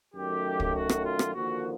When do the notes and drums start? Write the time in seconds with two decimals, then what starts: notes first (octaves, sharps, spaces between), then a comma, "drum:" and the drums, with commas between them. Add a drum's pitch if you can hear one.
0.14 F#2 D#3 F#3 A3 G4
0.60 drum: kick
0.74 F#4
0.89 drum: rim click
1.04 F4
1.19 drum: rim click
1.34 D#2 D3 F3 A#3 F#4